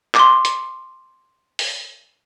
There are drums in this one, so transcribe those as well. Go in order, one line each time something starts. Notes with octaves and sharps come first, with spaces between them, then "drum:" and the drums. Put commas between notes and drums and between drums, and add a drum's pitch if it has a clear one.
C6 D6, drum: clap
drum: hi-hat
drum: open hi-hat